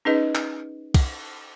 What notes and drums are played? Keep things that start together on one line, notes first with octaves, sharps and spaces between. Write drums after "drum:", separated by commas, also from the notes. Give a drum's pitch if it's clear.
C#4 D#4 G#4 B4 D#5
drum: clap
drum: kick, cymbal